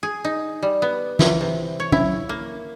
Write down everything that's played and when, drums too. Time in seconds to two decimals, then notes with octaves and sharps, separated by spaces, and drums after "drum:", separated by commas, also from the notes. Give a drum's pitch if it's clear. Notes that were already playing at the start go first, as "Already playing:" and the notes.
0.03 G#4
0.25 D#4
0.63 G3
0.82 B3
1.19 E3, drum: snare
1.41 C3
1.80 C#5
1.92 E4, drum: tom
2.29 A#3